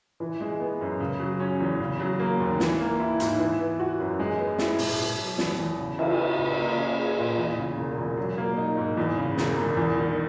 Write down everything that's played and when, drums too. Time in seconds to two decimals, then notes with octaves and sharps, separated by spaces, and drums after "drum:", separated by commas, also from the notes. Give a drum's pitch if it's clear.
0.20 E3
0.41 G#3
0.60 B3
0.81 F#2
1.00 C#3
1.20 F#3
1.40 C#4
1.60 E2
1.80 C#3
2.00 F#3
2.19 A#3
2.40 D#2
2.60 E3, drum: snare
2.80 A#3
3.00 E4
3.20 G#2, drum: hi-hat
3.39 E3
3.60 B3
3.80 F#4
3.99 F#2
4.20 G#3
4.39 B3
4.58 E4, drum: snare
4.79 B2, drum: open hi-hat
4.99 B2
5.19 F#3
5.38 E2, drum: snare
5.59 E2
5.79 C#3
5.99 E3, drum: cymbal
6.19 B3
6.39 C#2
6.58 A#3
6.78 C#4
6.98 G#4
7.18 A#2
7.38 E2
7.58 C#3
7.77 E1
7.98 E1
8.17 F#3
8.38 A#3
8.57 D#4
8.77 G#2
8.97 E2
9.17 C#3
9.38 E1, drum: snare
9.57 E1
9.77 E2
9.97 D#3